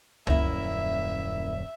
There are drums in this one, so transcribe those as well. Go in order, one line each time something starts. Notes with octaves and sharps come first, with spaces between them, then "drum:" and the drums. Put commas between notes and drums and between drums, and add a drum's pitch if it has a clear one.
D#1 F#2 A#3 C#4 E4 E5, drum: tom C#2